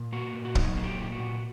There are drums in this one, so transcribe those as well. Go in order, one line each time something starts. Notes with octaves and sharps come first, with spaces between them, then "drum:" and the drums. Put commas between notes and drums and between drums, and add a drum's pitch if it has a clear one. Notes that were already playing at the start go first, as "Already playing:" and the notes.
Already playing: A#2
A#3 F#4
A#2
F#4
F#3 D#4, drum: kick
A#3
G4
A#2
F#4
A#2